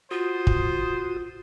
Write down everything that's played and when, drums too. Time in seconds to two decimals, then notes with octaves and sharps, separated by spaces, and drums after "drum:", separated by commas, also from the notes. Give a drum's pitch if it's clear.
0.11 F4 F#4 C5 D#6
0.47 drum: kick